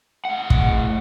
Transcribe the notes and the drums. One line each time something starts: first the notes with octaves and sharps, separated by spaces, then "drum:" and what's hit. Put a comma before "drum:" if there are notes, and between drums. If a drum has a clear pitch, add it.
A2 F#5
drum: kick